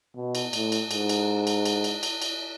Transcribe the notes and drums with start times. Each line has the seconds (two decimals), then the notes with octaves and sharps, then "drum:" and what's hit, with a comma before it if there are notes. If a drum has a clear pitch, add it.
0.16 B2
0.35 drum: cymbal
0.53 A2, drum: cymbal
0.72 drum: cymbal
0.91 G#2, drum: cymbal
1.09 drum: cymbal
1.47 drum: cymbal
1.66 drum: cymbal
1.84 drum: cymbal
2.03 drum: cymbal
2.22 drum: cymbal